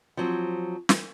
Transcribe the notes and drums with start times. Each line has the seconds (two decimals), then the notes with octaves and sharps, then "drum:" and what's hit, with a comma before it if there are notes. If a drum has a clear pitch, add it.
0.17 F3 F#3 C4
0.89 drum: snare